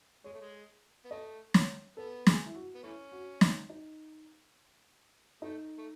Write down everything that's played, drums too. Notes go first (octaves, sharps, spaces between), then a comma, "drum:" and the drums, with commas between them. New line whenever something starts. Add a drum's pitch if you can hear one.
G#3 C#5
A3
G#3
B3
A3 D#5
C#5, drum: snare
B3 A4
G#4, drum: snare
E4
F#4
B3
E3 A3 C#4 E4
F#4
D#4, drum: snare
D#4
A3 D#4
A3